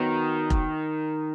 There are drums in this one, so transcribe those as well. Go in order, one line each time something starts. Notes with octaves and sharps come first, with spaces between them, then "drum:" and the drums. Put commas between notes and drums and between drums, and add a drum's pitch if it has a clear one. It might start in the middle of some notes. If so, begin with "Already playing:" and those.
Already playing: D#3 F#3 B3 F#4
drum: kick F1